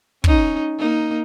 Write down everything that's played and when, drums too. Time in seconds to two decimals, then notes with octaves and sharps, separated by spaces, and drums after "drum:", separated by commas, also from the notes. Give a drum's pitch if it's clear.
0.24 C#4 D#4, drum: kick
0.79 A#3 D#4